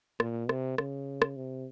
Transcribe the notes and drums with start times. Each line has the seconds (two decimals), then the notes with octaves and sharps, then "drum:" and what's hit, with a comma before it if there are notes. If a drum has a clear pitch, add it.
0.20 A#2, drum: rim click
0.49 C3, drum: rim click
0.78 C#3, drum: rim click
1.22 drum: rim click
1.36 C3